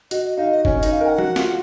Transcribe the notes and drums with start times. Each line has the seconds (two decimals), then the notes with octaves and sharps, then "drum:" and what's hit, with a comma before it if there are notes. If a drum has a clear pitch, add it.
0.11 F#4 D#5, drum: hi-hat
0.25 D#5
0.37 D#4 F5
0.52 D#5
0.65 C#4 C#5, drum: kick F#1
0.78 D#5
0.83 D#4, drum: hi-hat
0.91 F5
1.01 A#4 G#5
1.08 F#5
1.18 F#4, drum: tom F3
1.36 F4, drum: snare